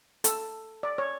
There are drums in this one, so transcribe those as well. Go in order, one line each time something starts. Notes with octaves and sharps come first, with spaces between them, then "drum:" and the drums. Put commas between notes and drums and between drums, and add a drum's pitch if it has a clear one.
A4, drum: hi-hat
D5
C#5